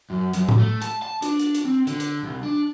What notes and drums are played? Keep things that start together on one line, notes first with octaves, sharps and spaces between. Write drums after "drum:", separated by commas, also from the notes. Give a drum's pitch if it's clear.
F#2
F#2, drum: hi-hat
drum: tom A2
A3
A5, drum: hi-hat
A5
D4, drum: hi-hat
drum: hi-hat
drum: hi-hat
C4
D3, drum: hi-hat
drum: hi-hat
C2
D4